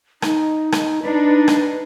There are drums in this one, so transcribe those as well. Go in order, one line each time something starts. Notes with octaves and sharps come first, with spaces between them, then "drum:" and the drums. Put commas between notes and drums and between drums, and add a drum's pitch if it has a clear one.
D#4, drum: rim click
drum: rim click
D4 D#4 B4
drum: rim click